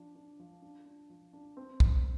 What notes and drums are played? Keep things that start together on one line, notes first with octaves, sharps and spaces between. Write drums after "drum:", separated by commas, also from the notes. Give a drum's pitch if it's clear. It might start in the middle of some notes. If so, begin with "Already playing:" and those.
Already playing: F3 D4
D4
F3
D4
D4
F3
D4
C4
C4, drum: kick